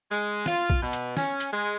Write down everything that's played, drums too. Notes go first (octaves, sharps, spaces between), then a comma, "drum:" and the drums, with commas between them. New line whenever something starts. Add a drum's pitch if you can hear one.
G#3
F4, drum: snare
drum: kick A#1
B2
drum: hi-hat
C#4, drum: snare
drum: hi-hat
G#3